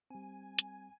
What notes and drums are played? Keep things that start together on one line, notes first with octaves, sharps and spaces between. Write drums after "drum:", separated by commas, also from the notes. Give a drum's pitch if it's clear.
G3 C4 G#5
drum: hi-hat